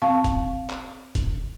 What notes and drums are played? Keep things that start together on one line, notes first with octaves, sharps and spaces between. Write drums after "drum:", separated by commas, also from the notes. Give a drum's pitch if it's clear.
C4 F5 A5 C#6
drum: kick, hi-hat
drum: clap
drum: kick, hi-hat